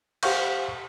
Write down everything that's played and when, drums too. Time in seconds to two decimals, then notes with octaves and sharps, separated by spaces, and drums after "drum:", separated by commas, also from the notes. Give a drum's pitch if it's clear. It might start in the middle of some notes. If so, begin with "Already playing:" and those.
0.23 G4 C5 F5 F#5 C#6 G6, drum: cymbal